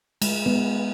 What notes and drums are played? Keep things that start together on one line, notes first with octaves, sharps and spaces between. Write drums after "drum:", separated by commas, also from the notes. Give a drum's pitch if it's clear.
G#3, drum: cymbal
G#3 B3